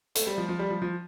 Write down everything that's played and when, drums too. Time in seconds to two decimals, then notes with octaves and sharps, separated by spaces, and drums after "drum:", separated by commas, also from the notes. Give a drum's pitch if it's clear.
0.15 A3, drum: hi-hat
0.27 G3
0.38 F3
0.49 F3
0.59 G3
0.70 F3
0.82 F3